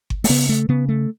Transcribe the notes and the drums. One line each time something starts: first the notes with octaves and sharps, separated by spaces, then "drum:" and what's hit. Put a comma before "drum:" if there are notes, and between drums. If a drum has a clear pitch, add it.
drum: kick G1
A3, drum: open hi-hat
C#3 B3
A3
C#3 B3
A3